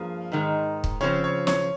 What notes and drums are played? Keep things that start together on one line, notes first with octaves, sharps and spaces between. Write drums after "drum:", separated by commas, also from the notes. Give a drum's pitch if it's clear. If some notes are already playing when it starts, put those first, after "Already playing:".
Already playing: G2 F3 A#3 G#4 F5
G#2 D#3 G#3
drum: kick
C#3 F3 C4 C#5
C#5
C#5, drum: snare